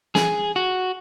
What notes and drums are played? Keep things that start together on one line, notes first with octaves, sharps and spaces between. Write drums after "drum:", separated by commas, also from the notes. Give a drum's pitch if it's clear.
G#4, drum: snare
F#4